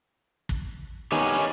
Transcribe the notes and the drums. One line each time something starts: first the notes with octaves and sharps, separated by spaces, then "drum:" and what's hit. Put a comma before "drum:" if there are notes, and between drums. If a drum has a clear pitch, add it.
drum: kick
D#3 B3 D#4 G4 C#5 G#5